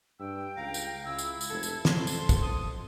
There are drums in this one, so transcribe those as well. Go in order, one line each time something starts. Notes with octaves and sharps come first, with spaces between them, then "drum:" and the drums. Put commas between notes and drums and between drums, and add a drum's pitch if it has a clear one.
G2 G5 E6
C#2 F5 A#5
drum: tambourine
C#2 E4 E6
drum: tambourine
drum: tambourine
F1 A4 G#6
drum: tambourine
F2 C6, drum: snare
drum: tambourine
drum: kick, tambourine
D#6